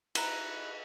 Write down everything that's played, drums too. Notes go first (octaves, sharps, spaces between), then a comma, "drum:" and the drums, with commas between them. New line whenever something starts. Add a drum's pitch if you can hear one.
E4 B4 A#5, drum: cymbal